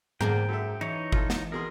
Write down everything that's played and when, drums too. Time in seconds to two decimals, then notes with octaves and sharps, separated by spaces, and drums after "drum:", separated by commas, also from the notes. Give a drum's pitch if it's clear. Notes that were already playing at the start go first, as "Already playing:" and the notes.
0.21 E2 G#2 D3 A#3 G#4 A#4 G5, drum: tom G#2
0.49 F#2 A4 E5
0.81 E3 D#4 C#5
1.12 F4 A4, drum: kick G1
1.30 drum: snare
1.52 B2 G#4 A#4 C6